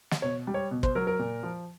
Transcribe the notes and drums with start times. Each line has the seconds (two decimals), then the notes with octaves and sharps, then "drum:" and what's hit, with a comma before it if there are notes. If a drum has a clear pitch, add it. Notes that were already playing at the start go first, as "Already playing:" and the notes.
0.11 drum: snare
0.22 B2 C#5
0.47 G3
0.54 C#5
0.71 B2
0.83 C5, drum: kick
0.95 F#3 A#4
1.07 A#4
1.19 A#2
1.43 F3